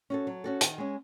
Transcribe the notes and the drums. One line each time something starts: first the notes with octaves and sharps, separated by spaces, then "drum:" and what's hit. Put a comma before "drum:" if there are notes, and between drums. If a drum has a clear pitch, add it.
C#4 F#4 A4
F#3
C#4 F#4 A4
D#3, drum: hi-hat
G#3 C#4